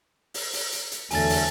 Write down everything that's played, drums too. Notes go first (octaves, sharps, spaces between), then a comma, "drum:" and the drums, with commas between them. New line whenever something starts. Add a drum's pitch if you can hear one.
drum: open hi-hat
drum: open hi-hat
drum: hi-hat
drum: hi-hat
E2 D3 F#3 A3 G#5 A5 A6, drum: open hi-hat
drum: open hi-hat